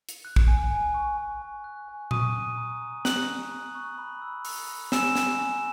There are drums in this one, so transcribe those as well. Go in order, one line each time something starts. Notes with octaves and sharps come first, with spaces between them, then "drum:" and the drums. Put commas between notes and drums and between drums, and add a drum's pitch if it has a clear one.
drum: hi-hat
F#6
drum: kick
G#5
G#5
C#6
G#5
G#5
F#6
G#5
C#6 D#6 D#7, drum: tom A#2
C#6
A#5
A#5
A#5 F#6 F#7, drum: snare
A#5
A#5
C#6
B5
E6
E6, drum: open hi-hat
B5
G#5 E6 E7, drum: snare
E6, drum: snare
G#5